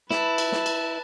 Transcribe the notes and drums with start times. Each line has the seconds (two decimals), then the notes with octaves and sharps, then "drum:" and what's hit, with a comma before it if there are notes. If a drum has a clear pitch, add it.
0.11 E4 B4 A5, drum: snare
0.38 drum: cymbal
0.52 drum: snare
0.66 drum: cymbal